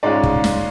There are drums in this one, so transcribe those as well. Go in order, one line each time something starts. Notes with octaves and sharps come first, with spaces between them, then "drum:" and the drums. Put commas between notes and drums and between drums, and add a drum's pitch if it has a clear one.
G#2 G#3 C#4 F4 D5
drum: kick
drum: snare